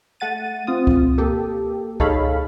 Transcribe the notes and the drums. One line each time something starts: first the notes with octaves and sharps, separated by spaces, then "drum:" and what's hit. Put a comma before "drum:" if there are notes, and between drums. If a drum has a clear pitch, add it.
A3 F#5 A6 D#7
C4 F4 D#6
drum: kick C#2
A#3 G4 A4
D#4 G#4 A4 C#5 F5 B5, drum: kick C#2